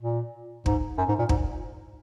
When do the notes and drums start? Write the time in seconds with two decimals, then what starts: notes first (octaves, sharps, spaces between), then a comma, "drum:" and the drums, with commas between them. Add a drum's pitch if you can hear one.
0.01 A#2
0.66 G#2, drum: kick
0.98 F#2
1.08 G#2
1.19 A#2
1.29 G#2, drum: kick